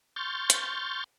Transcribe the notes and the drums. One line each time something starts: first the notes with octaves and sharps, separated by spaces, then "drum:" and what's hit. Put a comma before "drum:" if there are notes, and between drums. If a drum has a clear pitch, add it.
C6 C#6 F6 G6 A6
drum: hi-hat